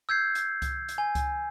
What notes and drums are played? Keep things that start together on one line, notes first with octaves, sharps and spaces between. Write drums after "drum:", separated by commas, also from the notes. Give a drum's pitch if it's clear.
E6 G6 G#6 C7
drum: hi-hat
drum: kick C#2, hi-hat
drum: hi-hat
G#5
drum: kick C#2, hi-hat